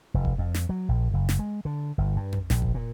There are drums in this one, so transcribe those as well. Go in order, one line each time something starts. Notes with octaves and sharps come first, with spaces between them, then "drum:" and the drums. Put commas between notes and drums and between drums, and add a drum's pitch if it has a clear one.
F1
drum: kick F1
F2
drum: snare
F#3
A#1
F#1
drum: snare
G#3
D3
G1
G2
drum: tom F2
A#1, drum: snare
drum: kick F1
A#2